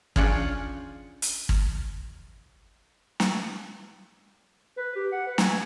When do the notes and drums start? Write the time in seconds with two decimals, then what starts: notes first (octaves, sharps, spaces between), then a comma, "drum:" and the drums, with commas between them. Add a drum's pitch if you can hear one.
0.16 C#4 D4 F4 G#4 F#5 G5, drum: kick
1.22 drum: hi-hat
1.49 drum: kick
3.20 drum: snare
4.77 B4
4.95 G4
5.12 F#5
5.26 B4
5.38 G#5, drum: snare
5.51 G#5